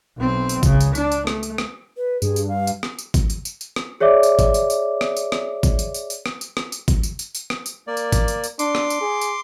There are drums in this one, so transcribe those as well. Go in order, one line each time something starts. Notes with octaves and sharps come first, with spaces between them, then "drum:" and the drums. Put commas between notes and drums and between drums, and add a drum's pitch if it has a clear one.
B1 C4
drum: tambourine
C#2 C#3, drum: kick G#1, tambourine
drum: tambourine
D4, drum: tambourine
drum: tambourine
A3, drum: rim click
drum: tambourine
drum: rim click
B4
G2 G#4, drum: tambourine
drum: tambourine
F5
drum: tambourine
drum: rim click
drum: tambourine
drum: kick G#1, tambourine
drum: tambourine
drum: tambourine
drum: tambourine
drum: rim click
G#4 C#5 D5 E5 D6
drum: tambourine
drum: kick G#1, tambourine
drum: tambourine
drum: tambourine
drum: rim click
drum: tambourine
drum: rim click
drum: kick G#1, tambourine
drum: tambourine
drum: tambourine
drum: tambourine
drum: rim click
drum: tambourine
drum: rim click
drum: tambourine
drum: kick G#1, tambourine
drum: tambourine
drum: tambourine
drum: tambourine
drum: rim click
drum: tambourine
A#3 D5
drum: tambourine
drum: kick G#1, tambourine
drum: tambourine
drum: tambourine
D4 C6 D6, drum: tambourine
drum: rim click
drum: tambourine
G#4
drum: tambourine